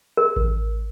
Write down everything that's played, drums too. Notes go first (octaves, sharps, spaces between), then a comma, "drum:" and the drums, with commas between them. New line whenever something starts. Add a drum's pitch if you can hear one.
A#4
drum: kick A1